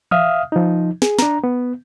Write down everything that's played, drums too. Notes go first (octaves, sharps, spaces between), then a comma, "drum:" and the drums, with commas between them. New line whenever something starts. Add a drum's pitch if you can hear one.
E5 F5 D#6 F6, drum: tom E3
F3 D#4
G#4, drum: snare
D4 A#5, drum: snare
B3